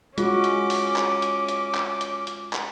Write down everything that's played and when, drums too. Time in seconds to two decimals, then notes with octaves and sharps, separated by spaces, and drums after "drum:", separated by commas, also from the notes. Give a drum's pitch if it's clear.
0.18 G#3 C#4 F4 F#4 D6, drum: hi-hat
0.44 drum: hi-hat
0.70 drum: open hi-hat
0.96 drum: clap
1.22 drum: hi-hat
1.49 drum: hi-hat
1.75 drum: clap
2.01 drum: hi-hat
2.27 drum: hi-hat
2.53 drum: clap